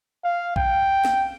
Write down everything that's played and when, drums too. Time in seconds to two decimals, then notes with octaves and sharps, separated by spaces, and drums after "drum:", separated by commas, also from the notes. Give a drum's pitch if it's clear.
0.24 F5
0.56 G5, drum: kick
1.05 drum: snare